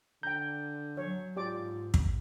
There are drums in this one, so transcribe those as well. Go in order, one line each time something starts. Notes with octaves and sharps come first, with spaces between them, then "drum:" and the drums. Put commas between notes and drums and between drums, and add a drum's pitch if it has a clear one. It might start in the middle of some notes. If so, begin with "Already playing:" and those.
D3 G5 A#5 G6
F#3 C#5
G#2 F4 G4 D5 D6
drum: kick